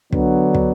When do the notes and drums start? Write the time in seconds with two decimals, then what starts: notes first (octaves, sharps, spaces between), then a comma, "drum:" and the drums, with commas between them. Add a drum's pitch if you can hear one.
0.12 D3 F#3 B3 D4, drum: kick
0.55 drum: kick